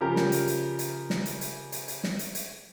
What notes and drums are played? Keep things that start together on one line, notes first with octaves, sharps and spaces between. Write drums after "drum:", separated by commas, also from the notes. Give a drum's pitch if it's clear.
C#3 F3 G4 A#4
drum: snare
drum: hi-hat
drum: hi-hat
drum: hi-hat
drum: snare
drum: hi-hat
drum: hi-hat
drum: hi-hat
drum: hi-hat
drum: snare
drum: hi-hat
drum: hi-hat